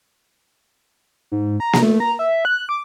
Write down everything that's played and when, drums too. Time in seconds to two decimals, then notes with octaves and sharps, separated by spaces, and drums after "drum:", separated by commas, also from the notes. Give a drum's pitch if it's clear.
1.32 G#2
1.60 A#5
1.73 drum: snare A#3
1.83 A3
2.00 A#5
2.19 E5
2.45 F#6
2.69 D6